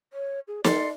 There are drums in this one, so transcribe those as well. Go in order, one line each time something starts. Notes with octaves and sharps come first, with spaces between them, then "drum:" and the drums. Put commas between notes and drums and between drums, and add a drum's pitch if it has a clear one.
C#5
G#4
A4 D5 C6, drum: snare